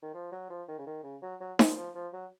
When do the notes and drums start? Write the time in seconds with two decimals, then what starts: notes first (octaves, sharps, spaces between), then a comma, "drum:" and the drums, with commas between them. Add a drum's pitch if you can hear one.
0.02 D#3
0.14 F3
0.32 F#3
0.50 F3
0.68 D#3
0.79 C#3
0.86 D#3
1.04 C#3
1.22 F#3
1.41 F#3
1.59 F3, drum: snare D#4
1.77 F3
1.95 F3
2.13 F#3